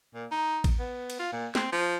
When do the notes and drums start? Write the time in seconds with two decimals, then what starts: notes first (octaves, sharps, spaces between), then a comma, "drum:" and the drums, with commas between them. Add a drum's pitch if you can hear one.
0.14 A#2
0.31 D#4
0.64 drum: kick A1, cymbal
0.79 B3
1.10 drum: cymbal
1.19 F4
1.32 A#2
1.55 C4, drum: snare
1.72 F3